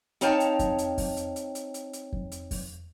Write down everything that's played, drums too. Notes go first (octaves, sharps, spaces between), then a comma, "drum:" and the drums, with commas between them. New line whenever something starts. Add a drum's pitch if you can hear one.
C4 D#4 C#5 F5 G5 A5, drum: hi-hat
drum: hi-hat
drum: kick F2, hi-hat
drum: hi-hat
drum: kick F2, open hi-hat
drum: hi-hat
drum: hi-hat
drum: hi-hat
drum: hi-hat
drum: hi-hat
drum: kick F2
drum: hi-hat
drum: kick F2, open hi-hat